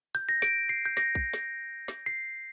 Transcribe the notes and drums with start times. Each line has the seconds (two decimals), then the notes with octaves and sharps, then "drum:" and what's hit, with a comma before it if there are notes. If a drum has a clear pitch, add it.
0.15 G6
0.29 A#6
0.42 D7, drum: snare
0.69 C7
0.85 G6
0.97 A#6, drum: snare
1.15 drum: kick
1.34 drum: snare
1.88 drum: snare
2.06 C7